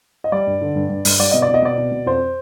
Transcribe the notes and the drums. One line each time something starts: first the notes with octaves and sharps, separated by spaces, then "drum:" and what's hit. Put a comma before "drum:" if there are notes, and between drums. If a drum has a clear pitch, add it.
D#5
G3 D5
G2
D3
G2
G2
G2, drum: open hi-hat
G3 D5
B2 D#5
D5
B2
D#5
B2 D5
B2
B2
F2 C5